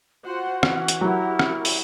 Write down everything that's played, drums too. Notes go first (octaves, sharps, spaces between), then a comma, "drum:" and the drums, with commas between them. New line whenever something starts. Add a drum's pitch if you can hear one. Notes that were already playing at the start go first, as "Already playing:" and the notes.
F4 F#4 C5 F#5
E3 C#4, drum: rim click
drum: hi-hat
F#3 E4 G4 A#4
drum: rim click
drum: open hi-hat